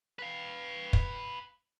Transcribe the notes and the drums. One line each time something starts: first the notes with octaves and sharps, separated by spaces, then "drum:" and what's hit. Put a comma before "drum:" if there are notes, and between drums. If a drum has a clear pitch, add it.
B4 F5
drum: kick